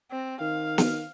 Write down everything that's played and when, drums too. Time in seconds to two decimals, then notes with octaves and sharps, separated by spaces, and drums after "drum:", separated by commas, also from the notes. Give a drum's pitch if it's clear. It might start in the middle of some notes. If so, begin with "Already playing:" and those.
0.11 C4
0.41 D#3 F5
0.78 drum: snare